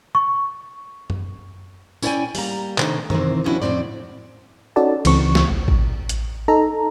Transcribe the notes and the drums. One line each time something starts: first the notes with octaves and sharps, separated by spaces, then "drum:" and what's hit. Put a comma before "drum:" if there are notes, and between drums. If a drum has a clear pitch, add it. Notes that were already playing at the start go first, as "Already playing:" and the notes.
C#6
drum: tom F#2
C#4 E4 C5 D5 G5 G#5, drum: tambourine
G3 A#3 A#5, drum: open hi-hat
C3 D#3 A3 D4 D#4, drum: clap
C3 D#3 E3 C4, drum: tom F#2
F3 B3 C#4 D4 E4 F#4
F2 A2 C#3 C4 D5
C#4 D#4 F#4 A4 D5 A5
C#2 E3 C4 C#6, drum: cymbal
drum: snare
A1
drum: kick
drum: hi-hat
D#4 A4 A#5